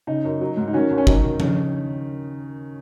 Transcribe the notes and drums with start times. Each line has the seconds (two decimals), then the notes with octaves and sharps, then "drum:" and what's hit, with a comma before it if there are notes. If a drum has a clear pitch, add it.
0.07 C#3 D#4
0.25 F#2
0.41 F#3
0.57 G#2
0.68 D#4
0.73 D#3 C#4 F#4
0.91 D#2
0.98 C#4
1.07 F#3 D#4, drum: kick
1.23 D#3
1.40 C#3, drum: tom F3